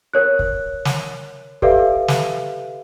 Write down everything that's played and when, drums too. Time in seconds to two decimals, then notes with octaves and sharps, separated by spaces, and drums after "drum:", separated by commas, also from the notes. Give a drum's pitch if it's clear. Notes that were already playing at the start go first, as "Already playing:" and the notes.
0.13 A#4 C#5 F#6
0.39 drum: kick
0.85 drum: snare
1.62 G4 A4 B4 D5 E5 F5, drum: kick
2.08 drum: snare